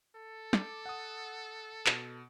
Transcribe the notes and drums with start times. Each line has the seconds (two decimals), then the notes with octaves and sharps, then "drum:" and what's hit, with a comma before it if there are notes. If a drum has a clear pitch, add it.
0.16 A4
0.53 D6, drum: snare
0.86 F#5 D#6
1.86 B2, drum: clap